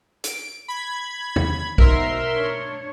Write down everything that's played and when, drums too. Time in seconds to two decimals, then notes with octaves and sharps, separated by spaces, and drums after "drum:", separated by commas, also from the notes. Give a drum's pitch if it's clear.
0.24 D7, drum: hi-hat
0.68 B5 G#6
1.36 drum: tom
1.78 B2 D#4 A#4 C5 E5 C6, drum: kick B1
2.34 D4 C#5